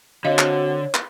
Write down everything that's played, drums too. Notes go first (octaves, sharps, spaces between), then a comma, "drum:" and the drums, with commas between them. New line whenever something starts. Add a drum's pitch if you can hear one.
D3 C4 F#4 C#5 D#5 F5
drum: clap
drum: clap